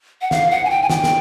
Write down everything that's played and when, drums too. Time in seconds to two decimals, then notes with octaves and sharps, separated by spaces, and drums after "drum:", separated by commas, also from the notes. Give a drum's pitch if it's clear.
0.22 F#5
0.31 F5, drum: snare
0.51 F#5
0.65 G#5
0.70 G5
0.83 G#5
0.90 G5, drum: snare
1.04 drum: snare